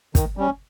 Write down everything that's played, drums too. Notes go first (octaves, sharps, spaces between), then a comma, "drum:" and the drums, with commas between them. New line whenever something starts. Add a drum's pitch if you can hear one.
D#3, drum: kick, hi-hat
G3 C#4